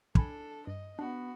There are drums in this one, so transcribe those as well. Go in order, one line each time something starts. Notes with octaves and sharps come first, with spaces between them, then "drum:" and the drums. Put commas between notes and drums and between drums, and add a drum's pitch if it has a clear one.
D4 A4 G#5 B5 G#6, drum: kick
G2 D#5
B3 D4 F#4